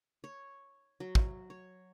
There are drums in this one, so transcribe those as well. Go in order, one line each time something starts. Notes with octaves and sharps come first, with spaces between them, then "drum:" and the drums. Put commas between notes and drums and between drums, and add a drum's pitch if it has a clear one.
C#5
F#3
drum: kick
C#5